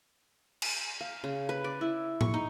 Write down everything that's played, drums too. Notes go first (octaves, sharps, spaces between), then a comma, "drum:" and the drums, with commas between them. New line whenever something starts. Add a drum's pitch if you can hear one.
drum: cymbal
F5
C#3
B4
D5
E4
C#6, drum: tom A2
D#4